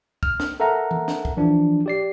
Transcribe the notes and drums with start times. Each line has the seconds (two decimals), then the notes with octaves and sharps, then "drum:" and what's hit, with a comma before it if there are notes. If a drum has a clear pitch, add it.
0.23 F6, drum: kick
0.40 drum: snare
0.60 A4 A#4 E5 F#5 A#5
0.91 drum: tom E3
1.08 drum: snare
1.25 drum: kick
1.37 E3 F3 D4
1.86 G4 D5 C7